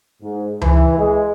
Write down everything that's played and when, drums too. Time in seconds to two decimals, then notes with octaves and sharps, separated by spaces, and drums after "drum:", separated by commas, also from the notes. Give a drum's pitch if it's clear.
0.23 G#2
0.62 E3, drum: tom C#2
0.97 G#3